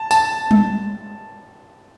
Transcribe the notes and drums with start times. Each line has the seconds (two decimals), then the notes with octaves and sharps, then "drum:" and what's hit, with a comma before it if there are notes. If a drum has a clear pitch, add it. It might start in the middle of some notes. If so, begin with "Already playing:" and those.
Already playing: A5
0.11 A5, drum: tambourine
0.51 drum: tom G3